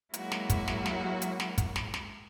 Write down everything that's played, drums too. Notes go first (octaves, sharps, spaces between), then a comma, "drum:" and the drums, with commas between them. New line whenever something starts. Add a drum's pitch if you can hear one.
F#3 G#3 A#3 E4 F#4, drum: hi-hat
drum: snare
drum: kick, hi-hat
drum: snare
drum: snare
drum: hi-hat
drum: snare
drum: kick, hi-hat
drum: snare
drum: snare